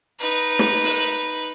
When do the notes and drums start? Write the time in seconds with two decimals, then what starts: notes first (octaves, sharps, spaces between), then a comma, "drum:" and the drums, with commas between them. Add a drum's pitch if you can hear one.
0.20 D#4 B4
0.59 drum: snare
0.84 drum: open hi-hat